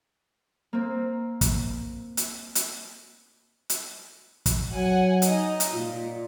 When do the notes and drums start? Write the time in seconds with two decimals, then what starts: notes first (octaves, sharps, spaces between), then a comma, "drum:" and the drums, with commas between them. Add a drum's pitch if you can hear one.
0.73 A#3 C4
1.41 drum: kick, hi-hat
2.17 drum: hi-hat
2.55 drum: hi-hat
3.70 drum: hi-hat
4.46 drum: kick, hi-hat
4.71 F#3 F#5 G#5
5.22 D#4 D#5, drum: hi-hat
5.60 drum: hi-hat
5.74 A#2 F4